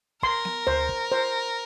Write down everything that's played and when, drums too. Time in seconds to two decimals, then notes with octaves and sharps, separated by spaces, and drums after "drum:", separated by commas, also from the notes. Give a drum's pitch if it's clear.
0.23 A#4 C6, drum: kick
0.45 drum: snare B3
0.67 C5, drum: tom D2
0.89 drum: kick
1.12 C5